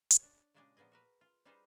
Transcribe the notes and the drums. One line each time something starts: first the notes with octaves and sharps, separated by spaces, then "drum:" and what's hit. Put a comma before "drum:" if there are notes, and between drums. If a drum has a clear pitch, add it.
drum: hi-hat
D4 C#5
A#2 C#3 G#3 D4 G4 G#4
A#2 F3 B3 G#4 D#5
F#4 A#4 B4
F4
G3 D#4 F4 G#4 B4 C5